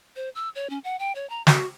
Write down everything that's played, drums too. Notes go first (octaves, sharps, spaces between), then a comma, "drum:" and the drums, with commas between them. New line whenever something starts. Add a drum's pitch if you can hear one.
C5
E6
C#5
C#4
F#5
G5
C#5
A#5
F#4, drum: snare